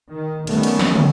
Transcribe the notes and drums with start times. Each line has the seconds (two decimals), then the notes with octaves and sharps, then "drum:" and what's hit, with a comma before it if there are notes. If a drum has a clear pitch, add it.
0.12 D#3
0.47 D#3 G3 A3 B3 C#4, drum: cymbal
0.63 drum: cymbal
0.79 drum: snare
0.95 drum: tom